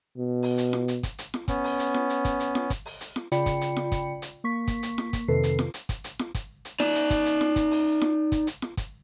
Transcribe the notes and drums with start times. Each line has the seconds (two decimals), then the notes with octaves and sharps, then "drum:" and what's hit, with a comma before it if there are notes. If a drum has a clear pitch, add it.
0.17 B2
0.43 drum: open hi-hat
0.58 drum: hi-hat
0.73 drum: snare
0.88 drum: hi-hat
1.03 drum: kick, hi-hat
1.18 drum: hi-hat
1.34 drum: snare
1.48 B3 C#4, drum: kick, hi-hat
1.64 drum: open hi-hat
1.79 drum: hi-hat
1.94 drum: snare
2.10 drum: hi-hat
2.25 drum: kick, hi-hat
2.40 drum: hi-hat
2.55 drum: snare
2.70 drum: kick, hi-hat
2.85 drum: open hi-hat
3.01 drum: hi-hat
3.16 drum: snare
3.32 C#3 F4 D5 G5 B5 C#7, drum: hi-hat
3.46 drum: kick, hi-hat
3.61 drum: hi-hat
3.77 drum: snare
3.92 drum: kick, hi-hat
4.22 drum: hi-hat
4.44 A#3 C#6 B6
4.68 drum: kick, hi-hat
4.83 drum: hi-hat
4.98 drum: snare
5.13 drum: kick, hi-hat
5.28 F2 C3 D#3 A4 B4 C7
5.43 drum: hi-hat
5.59 drum: snare
5.74 drum: hi-hat
5.89 drum: kick, hi-hat
6.04 drum: hi-hat
6.19 drum: snare
6.35 drum: kick, hi-hat
6.65 drum: hi-hat
6.80 D#4 D5, drum: snare
6.95 drum: hi-hat
7.10 drum: kick, hi-hat
7.26 drum: hi-hat
7.41 drum: snare
7.56 drum: kick, hi-hat
7.71 drum: open hi-hat
8.01 drum: snare
8.32 drum: kick, hi-hat
8.47 drum: hi-hat
8.62 drum: snare
8.77 drum: kick, hi-hat